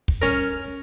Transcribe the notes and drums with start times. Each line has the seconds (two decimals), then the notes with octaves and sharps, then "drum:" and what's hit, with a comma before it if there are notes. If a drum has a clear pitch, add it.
0.08 drum: kick
0.22 C#4 A#4